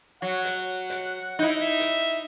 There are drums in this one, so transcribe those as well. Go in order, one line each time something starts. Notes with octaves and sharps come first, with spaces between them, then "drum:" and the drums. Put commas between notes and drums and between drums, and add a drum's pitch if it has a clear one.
F#3 F#5
drum: hi-hat
drum: hi-hat
D#4 E4
E5
drum: hi-hat